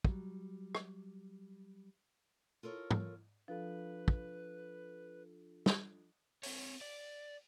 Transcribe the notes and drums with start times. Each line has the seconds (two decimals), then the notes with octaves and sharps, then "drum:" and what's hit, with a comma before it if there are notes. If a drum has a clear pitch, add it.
0.05 F#3 G3, drum: kick
0.75 drum: rim click
2.63 F4 A4 A#4 C#5
2.91 drum: tom G#2
3.48 F3 D4 F4 A4 B4
4.08 drum: kick
5.66 drum: snare
6.43 C4 C#5, drum: open hi-hat
6.81 D5